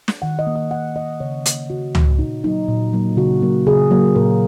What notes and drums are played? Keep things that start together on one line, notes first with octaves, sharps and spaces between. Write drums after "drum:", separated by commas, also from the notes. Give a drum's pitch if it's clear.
drum: snare
D#3 F#5
D#5
A#3
D#5
D#3 F#5
A#3 D#5
C#3 C#5
A#3, drum: hi-hat
C#3 F#4
A#3, drum: tom C#2
A#2 D#4
F#3 A#3 D#4
A#2
F#3 A#3
C#3 F#4
F#3 A#3
C#3 G#4
F#3 A#3
A#2 A#4